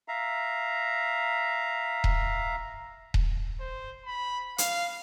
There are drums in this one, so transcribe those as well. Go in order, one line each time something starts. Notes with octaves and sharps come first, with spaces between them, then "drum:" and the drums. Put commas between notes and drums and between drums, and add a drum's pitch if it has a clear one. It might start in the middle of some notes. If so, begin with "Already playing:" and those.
E5 F5 A#5
drum: kick D#1
drum: kick D#1
C5
B5
F5, drum: hi-hat